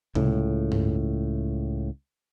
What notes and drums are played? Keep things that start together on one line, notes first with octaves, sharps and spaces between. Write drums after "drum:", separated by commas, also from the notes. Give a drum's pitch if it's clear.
C#2 A2, drum: tom C3
drum: tom G2